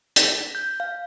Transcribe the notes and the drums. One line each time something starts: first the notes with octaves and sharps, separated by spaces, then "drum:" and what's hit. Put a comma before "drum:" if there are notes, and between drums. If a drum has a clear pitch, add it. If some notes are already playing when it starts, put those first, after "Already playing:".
B6, drum: hi-hat
G6
F5